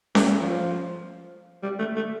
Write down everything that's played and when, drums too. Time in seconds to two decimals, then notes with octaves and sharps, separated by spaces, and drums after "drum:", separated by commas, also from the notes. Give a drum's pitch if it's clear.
0.15 A3, drum: snare C#4
0.40 F3
1.63 G3
1.79 A3
1.96 A3